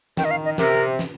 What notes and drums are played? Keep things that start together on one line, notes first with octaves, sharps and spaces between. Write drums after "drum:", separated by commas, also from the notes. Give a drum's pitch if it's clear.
D#3 G5, drum: snare
D#5
F5
D#5
C3 A#4, drum: snare
drum: snare